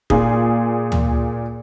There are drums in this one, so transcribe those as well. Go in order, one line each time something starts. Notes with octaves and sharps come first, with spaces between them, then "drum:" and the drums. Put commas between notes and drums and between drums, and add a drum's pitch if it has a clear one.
A#2 F4 G#4, drum: kick
drum: tom